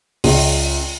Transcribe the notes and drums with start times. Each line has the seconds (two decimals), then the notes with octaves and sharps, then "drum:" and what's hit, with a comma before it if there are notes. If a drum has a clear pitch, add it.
0.24 C#2, drum: open hi-hat